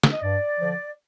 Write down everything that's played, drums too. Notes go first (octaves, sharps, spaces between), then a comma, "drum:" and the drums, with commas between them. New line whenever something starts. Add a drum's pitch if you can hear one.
drum: snare
D#5
G2 D5
D3 F3